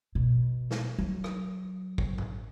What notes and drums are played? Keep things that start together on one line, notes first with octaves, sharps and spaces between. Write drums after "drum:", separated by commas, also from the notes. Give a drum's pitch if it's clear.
B2
drum: snare
F#3
drum: rim click
drum: kick
drum: tom G#2